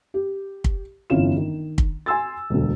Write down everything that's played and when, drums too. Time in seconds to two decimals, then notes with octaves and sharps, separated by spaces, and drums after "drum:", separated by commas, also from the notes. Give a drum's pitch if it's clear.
0.14 G4
0.64 drum: kick
1.10 G1 F2 E3 C#4 F4 E7
1.36 D#3
1.78 drum: kick
2.06 G#5 C6 E6 A6
2.50 E1 D2